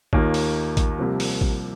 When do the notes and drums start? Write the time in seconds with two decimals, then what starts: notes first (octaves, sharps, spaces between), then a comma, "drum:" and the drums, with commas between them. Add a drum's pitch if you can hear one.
0.13 D#2 D#3 A#3 F4, drum: kick A1
0.34 drum: open hi-hat
0.77 drum: kick A1, hi-hat
0.98 C2 C3 F3 A#3
1.20 drum: open hi-hat
1.41 drum: kick A1